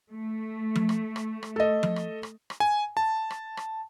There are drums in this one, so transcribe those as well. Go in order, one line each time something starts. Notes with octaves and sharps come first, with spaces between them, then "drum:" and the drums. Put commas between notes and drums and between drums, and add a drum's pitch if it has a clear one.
A3
drum: tom F3
drum: rim click
drum: rim click
drum: rim click
A4 D#5
drum: tom F3
drum: rim click
drum: rim click
drum: rim click
G#5
A5
drum: rim click
drum: rim click